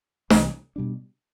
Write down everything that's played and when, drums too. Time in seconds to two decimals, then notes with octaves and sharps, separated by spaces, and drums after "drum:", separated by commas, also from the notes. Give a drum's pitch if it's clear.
0.30 C2 C3 E3 G3, drum: snare
0.76 B2 G3 D4